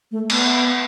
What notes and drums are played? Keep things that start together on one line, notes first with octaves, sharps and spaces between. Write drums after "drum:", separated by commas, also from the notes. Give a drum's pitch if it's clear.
A3
B3, drum: cymbal